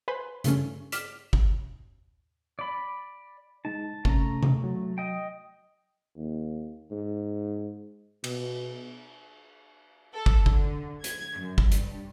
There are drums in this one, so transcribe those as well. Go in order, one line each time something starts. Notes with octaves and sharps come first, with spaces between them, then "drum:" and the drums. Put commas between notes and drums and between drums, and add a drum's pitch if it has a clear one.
B4 C5 G#5 B5 C6
G2 C#3 A3 C#4, drum: hi-hat
D6 F6 B6 E7, drum: hi-hat
drum: kick
D5 B5
G#3 D#4 A5
C3 A3 C#4 A#5, drum: kick
drum: tom C3
F#3
D#5 G5
D#2
G#2
B2, drum: cymbal
A4
drum: kick
D3, drum: kick
G#6, drum: hi-hat
F#2
drum: kick
G2, drum: hi-hat